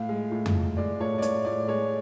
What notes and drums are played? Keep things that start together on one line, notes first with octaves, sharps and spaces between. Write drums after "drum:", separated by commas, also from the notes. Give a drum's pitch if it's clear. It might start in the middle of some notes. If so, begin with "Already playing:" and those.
Already playing: A2 F5
G#3
A2
drum: tom F2
A2
G#3 D5
A2 C#5
D5
A2 C#5, drum: hi-hat
A2 D5
G#3 C#5